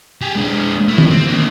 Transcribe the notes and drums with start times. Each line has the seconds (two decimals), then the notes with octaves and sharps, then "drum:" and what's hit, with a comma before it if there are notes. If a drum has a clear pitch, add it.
0.21 G4 G#4
0.35 G#3 D4
0.88 A3 E4
0.98 drum: tom
1.10 C4
1.27 A#3 D4